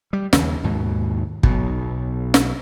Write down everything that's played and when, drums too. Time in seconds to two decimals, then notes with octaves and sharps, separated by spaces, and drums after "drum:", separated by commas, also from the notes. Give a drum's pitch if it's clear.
0.13 G3
0.33 D#2 C#3, drum: snare
0.64 D#2 G#2 B2
1.43 B1 B2, drum: kick
2.34 drum: snare